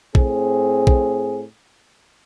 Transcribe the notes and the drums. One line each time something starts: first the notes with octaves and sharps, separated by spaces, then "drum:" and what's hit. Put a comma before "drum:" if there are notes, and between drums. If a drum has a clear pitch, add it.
A2 C4 G#4, drum: kick
drum: kick